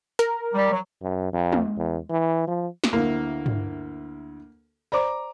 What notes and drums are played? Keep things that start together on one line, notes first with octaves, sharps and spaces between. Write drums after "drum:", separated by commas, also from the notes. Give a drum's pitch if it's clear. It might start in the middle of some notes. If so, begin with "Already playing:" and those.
A#4, drum: hi-hat
G3
F#3
F#2
F2
drum: tom G#3
E2
E3
F3
drum: snare
D2 A#3 E4
drum: tom
C5 D5 A#5 B5 D6